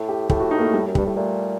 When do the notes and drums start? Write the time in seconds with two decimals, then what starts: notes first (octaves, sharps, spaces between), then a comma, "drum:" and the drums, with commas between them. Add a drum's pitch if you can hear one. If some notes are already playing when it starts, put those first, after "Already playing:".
Already playing: A2
0.09 G4
0.30 A2 G4, drum: kick
0.40 F#4
0.51 D#4
0.59 A#3
0.62 A3
0.74 G3
0.87 F#2
0.95 G2 G3, drum: kick
1.06 A2
1.16 A#2 A3